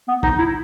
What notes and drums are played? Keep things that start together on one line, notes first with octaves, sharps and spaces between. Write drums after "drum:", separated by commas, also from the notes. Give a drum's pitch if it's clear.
B3
D#4, drum: kick
E4